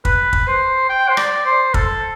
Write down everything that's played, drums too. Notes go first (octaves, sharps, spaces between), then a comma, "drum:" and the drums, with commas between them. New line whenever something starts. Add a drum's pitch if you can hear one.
B4, drum: kick
drum: kick
C5
G5
C5
D5, drum: rim click
C5
A4, drum: kick